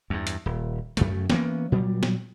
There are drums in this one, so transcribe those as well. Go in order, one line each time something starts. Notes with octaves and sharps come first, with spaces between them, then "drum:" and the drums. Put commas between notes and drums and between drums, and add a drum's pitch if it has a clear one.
E2 G2
drum: hi-hat
D#1
F#2 C#3 A3, drum: hi-hat
E3 A#3 B3 C#4, drum: snare
A#2 F#3 G3
drum: snare